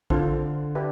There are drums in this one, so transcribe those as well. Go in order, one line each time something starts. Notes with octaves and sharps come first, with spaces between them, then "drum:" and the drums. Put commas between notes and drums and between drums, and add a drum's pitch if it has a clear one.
D3 F4 A4 C5, drum: kick
D4 G4 B4 E5 G5